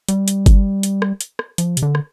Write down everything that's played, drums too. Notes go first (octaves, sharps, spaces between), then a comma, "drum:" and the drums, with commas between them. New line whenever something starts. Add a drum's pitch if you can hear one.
G3, drum: hi-hat
drum: hi-hat
drum: kick G1, hi-hat
drum: hi-hat
drum: rim click
drum: hi-hat
drum: rim click
F3, drum: hi-hat
C3, drum: hi-hat
D3
drum: rim click